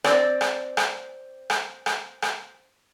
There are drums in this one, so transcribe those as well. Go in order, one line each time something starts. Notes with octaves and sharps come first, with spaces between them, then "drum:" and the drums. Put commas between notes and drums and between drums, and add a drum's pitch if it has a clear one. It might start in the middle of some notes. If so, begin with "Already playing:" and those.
C4 D5, drum: rim click
drum: rim click
drum: rim click
drum: rim click
drum: rim click
drum: rim click